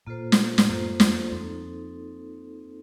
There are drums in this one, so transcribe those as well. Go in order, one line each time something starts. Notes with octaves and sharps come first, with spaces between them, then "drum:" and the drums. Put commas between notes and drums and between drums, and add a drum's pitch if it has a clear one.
A#2 A#3 F4 A4 C5
drum: snare
A2, drum: snare
F#2 A#3 F4 A4 C5
F2, drum: snare
F2 C4 D#4 A4